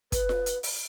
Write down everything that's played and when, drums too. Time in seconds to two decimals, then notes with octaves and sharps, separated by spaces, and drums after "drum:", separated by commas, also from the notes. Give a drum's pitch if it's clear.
0.12 B4, drum: kick, hi-hat
0.29 drum: snare F4
0.46 drum: hi-hat
0.63 drum: open hi-hat